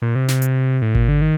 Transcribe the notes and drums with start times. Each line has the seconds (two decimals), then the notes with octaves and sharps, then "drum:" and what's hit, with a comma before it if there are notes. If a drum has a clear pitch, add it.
0.02 A#2
0.15 C3
0.28 C3, drum: snare
0.42 drum: hi-hat
0.82 A2
0.95 A#2, drum: kick G#1
1.08 D3
1.21 D#3